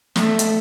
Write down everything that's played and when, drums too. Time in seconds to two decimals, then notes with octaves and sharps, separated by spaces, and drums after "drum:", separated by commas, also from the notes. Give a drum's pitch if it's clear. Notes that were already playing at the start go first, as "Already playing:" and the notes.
0.16 A3, drum: snare
0.39 drum: hi-hat